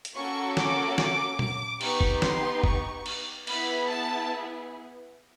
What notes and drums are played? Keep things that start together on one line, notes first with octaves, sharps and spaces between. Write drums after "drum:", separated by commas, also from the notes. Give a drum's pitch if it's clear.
drum: hi-hat
A#3 C#4 F#4 A4 C#6
D6, drum: snare
D6, drum: snare
D6, drum: tom A#2
B3 D#4 G4 C#6, drum: cymbal
drum: kick F#1
C6, drum: snare
C#6, drum: kick F#1
drum: cymbal
B3 E4 G#4 B5, drum: cymbal
A5